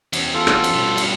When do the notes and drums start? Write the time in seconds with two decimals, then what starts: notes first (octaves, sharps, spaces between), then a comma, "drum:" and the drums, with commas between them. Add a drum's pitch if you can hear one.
0.13 E2, drum: cymbal
0.33 F4 A4
0.47 drum: rim click
0.64 drum: cymbal
0.74 G2 B2
0.98 drum: cymbal